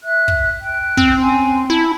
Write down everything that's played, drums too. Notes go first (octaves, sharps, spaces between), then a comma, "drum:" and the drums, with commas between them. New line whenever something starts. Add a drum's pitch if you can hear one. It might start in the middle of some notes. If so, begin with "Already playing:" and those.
E5 F#6
drum: kick
G5 F#6
C4, drum: kick
C#4 G#5 C6
E4 A5